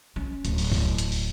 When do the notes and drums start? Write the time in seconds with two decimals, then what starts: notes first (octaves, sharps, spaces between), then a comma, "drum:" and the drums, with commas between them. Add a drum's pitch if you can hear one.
0.16 C#4
0.45 D1, drum: hi-hat
0.58 drum: open hi-hat
0.72 drum: kick C2, open hi-hat
0.98 drum: hi-hat
1.12 drum: open hi-hat